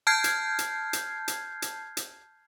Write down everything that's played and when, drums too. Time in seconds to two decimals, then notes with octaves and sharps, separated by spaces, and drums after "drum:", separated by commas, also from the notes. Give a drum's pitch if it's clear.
0.07 A5 F6 G6 G#6 C7
0.24 drum: hi-hat
0.59 drum: hi-hat
0.93 drum: hi-hat
1.28 drum: hi-hat
1.62 drum: hi-hat
1.97 drum: hi-hat